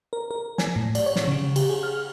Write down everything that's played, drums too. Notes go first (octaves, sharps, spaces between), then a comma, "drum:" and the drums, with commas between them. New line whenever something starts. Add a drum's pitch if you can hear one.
A#4
A#4
G#5, drum: snare
A2
D5, drum: cymbal
C#5
drum: snare
C#3
G4, drum: cymbal
G#4
F6